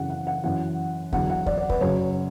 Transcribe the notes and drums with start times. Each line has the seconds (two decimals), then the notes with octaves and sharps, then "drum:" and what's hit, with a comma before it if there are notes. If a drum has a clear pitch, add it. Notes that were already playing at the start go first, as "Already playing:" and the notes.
Already playing: F#2 C#3 E3 F#5
0.10 F#5
0.27 F#5
0.44 F#2 E3 F#5
1.12 E2 D3 F#3 F#5, drum: kick
1.30 F#5
1.46 D5, drum: kick
1.58 D5
1.69 B4, drum: kick
1.81 F#2 C#3 F#3 C#5